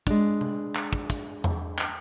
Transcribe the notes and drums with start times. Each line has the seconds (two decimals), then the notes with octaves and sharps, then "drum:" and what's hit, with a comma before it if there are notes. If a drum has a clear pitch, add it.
0.07 G#3 D4, drum: kick, hi-hat
0.41 drum: tom C3
0.75 drum: clap
0.93 drum: kick
1.10 drum: kick, hi-hat
1.44 drum: tom E2
1.78 drum: clap